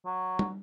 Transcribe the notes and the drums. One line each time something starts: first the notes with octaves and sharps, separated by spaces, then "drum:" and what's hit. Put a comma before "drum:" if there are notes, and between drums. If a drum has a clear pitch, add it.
F#3
drum: tom